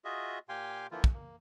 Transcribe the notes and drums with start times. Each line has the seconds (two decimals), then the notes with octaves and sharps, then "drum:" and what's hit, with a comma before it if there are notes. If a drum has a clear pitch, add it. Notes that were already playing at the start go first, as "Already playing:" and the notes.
0.05 F4 F#4 G#4 D#5 E5
0.49 A#2 G4 F5 G5 G#5 C6
0.91 D3 E3 F3 A#3 E4 F4
1.04 drum: kick
1.13 A#3